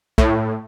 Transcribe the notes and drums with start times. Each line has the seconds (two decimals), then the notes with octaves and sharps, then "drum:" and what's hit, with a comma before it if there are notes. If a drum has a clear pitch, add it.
0.18 A2, drum: kick